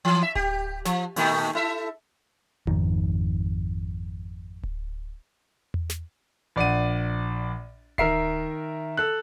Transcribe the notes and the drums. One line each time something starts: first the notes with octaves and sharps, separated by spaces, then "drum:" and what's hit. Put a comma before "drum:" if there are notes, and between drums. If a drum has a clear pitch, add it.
E3
E5
G4, drum: kick D1
F3, drum: snare
A#2 D#3 A3, drum: open hi-hat
E4 A4 E5
G#1 F2 D#3, drum: tom D#4
drum: kick D1
drum: tom E2
drum: snare
A#1 D5 F#5 D#7
D#3 A#4 E5 C7, drum: kick D1
A4 F#6